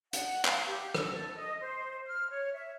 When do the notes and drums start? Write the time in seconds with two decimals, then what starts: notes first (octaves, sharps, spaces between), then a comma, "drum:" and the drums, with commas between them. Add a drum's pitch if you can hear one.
0.13 F#5, drum: hi-hat
0.45 F5, drum: clap
0.68 G4
0.95 E6, drum: rim click
1.14 A4
1.37 D#5
1.60 C5
2.06 F6
2.31 C#5
2.53 E5